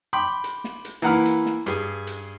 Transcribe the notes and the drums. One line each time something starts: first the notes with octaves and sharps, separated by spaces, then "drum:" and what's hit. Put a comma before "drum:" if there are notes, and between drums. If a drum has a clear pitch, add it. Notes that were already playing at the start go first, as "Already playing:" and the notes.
G5 B5 C6 D6
drum: hi-hat
drum: snare
drum: hi-hat
E3 A#3 F#5 B5 F6
drum: hi-hat
drum: snare
G2 G#4, drum: hi-hat
drum: hi-hat